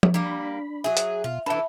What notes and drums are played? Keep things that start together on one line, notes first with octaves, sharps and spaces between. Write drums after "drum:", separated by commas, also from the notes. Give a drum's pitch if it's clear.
drum: tom F3
G3 A#3 D4 B5
F#3 G#4 E5
drum: hi-hat
B2 F4
E3 D4 A4 B4 E5 A5 B5